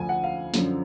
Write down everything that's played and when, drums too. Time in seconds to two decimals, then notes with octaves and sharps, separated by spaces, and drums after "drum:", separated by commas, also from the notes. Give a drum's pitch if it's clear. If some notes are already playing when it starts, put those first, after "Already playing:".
Already playing: D2 D3 F3 G#5
0.09 F#5
0.24 F5
0.54 F#2 D3 F3, drum: snare